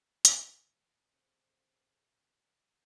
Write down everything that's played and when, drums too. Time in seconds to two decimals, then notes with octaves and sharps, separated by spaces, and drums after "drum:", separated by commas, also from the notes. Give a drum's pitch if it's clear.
0.25 D#1, drum: hi-hat
1.10 C4 C#4 G#4 A4